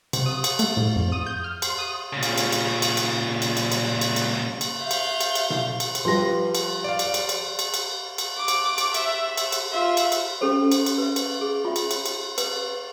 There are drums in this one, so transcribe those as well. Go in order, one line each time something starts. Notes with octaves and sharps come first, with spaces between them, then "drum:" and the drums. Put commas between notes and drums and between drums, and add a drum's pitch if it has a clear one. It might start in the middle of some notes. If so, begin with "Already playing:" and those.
C3, drum: cymbal
D#6
drum: cymbal
A3, drum: cymbal
A2
F2
D#6
G6
F6
C6, drum: cymbal
D#6
A#2 C#3
drum: cymbal
drum: cymbal
drum: cymbal
drum: cymbal
drum: cymbal
drum: cymbal
drum: cymbal
drum: cymbal
drum: cymbal
drum: cymbal
drum: cymbal
E5 F5 G6
drum: cymbal
drum: cymbal
drum: cymbal
drum: tom B2
drum: cymbal
drum: cymbal
F3 G3 B4 C6 A#6
drum: cymbal
D5 F5
drum: cymbal
drum: cymbal
drum: cymbal
drum: cymbal
drum: cymbal
drum: cymbal
D6
drum: cymbal
drum: cymbal
E5, drum: cymbal
drum: cymbal
drum: cymbal
F4 E5
drum: cymbal
drum: cymbal
C#4 G4 A4 C5
drum: cymbal
drum: cymbal
B4 E5
drum: cymbal
G#4
F4 E5
drum: cymbal
drum: cymbal
drum: cymbal
B4, drum: cymbal